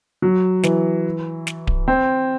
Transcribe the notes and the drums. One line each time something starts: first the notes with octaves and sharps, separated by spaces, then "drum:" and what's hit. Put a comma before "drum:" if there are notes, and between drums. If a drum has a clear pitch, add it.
F#3
E3, drum: snare
drum: snare
drum: kick D1
C4